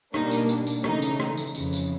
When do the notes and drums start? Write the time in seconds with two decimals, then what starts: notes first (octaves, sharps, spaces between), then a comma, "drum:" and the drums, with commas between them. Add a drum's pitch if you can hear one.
0.14 B2 G3 A#3 D4 D#4, drum: rim click
0.31 drum: tambourine
0.49 drum: tambourine
0.67 drum: tambourine
0.84 C#3 E3 A3 D#4, drum: rim click
1.02 drum: tambourine
1.20 drum: rim click
1.37 drum: tambourine
1.55 F2 C#3 E3, drum: tambourine
1.73 drum: tambourine